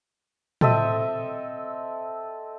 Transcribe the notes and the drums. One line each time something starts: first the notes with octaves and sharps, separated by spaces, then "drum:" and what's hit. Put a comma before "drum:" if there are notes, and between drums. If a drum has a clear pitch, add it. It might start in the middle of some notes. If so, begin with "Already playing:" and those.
C4 A4 D#5 E5, drum: tom